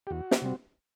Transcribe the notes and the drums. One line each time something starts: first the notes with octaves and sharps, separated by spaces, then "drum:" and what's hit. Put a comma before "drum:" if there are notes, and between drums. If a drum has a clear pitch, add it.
G4
E2 F#4
drum: snare
C3 G3 C4